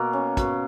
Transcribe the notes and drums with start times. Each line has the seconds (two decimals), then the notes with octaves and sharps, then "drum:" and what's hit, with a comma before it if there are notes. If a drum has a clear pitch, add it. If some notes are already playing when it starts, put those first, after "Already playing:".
Already playing: B2 A#3
0.13 C#4
0.37 B2, drum: kick, hi-hat